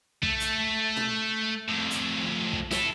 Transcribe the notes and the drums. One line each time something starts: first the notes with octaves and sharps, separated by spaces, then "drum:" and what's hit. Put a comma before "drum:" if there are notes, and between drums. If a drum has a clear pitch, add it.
A3, drum: kick
drum: hi-hat
drum: tom A#2
F2 A2
drum: hi-hat
drum: kick
E4 A4, drum: snare